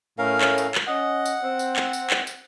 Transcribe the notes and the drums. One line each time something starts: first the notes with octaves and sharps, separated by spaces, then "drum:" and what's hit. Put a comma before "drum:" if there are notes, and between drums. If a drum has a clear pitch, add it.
A2 C#4 A#4 F5
drum: clap
drum: tambourine
drum: clap
C#4 D#5 F#5
drum: tambourine
C4
drum: tambourine
drum: clap
drum: tambourine
drum: clap
drum: tambourine